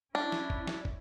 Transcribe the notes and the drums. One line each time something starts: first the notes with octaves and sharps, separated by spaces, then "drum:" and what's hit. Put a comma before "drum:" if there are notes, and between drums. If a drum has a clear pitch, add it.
C#4 D4 E4
drum: snare
drum: kick
drum: snare
drum: kick